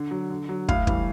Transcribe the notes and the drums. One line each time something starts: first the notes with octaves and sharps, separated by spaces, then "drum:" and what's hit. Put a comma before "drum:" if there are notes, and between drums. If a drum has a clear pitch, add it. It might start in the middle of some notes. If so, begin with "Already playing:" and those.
Already playing: D3
F#3
D3
F#3
A2 F5, drum: kick
E3 G3, drum: kick